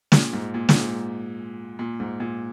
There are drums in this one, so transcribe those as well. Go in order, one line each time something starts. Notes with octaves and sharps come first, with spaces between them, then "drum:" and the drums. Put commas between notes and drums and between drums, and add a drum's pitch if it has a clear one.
A#2, drum: snare
G#2
A#2
A#2, drum: snare
G#2
A#2
G#2
A#2